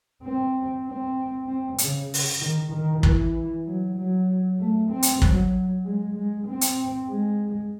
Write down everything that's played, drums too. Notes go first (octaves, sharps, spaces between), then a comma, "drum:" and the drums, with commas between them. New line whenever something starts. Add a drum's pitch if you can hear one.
C4
C4
C4
C#3, drum: hi-hat
drum: open hi-hat
D#3
D#3
E3, drum: kick
F#3
F#3
A3
C4
drum: hi-hat
F#3, drum: kick
G#3
G#3
C4
drum: hi-hat
G#3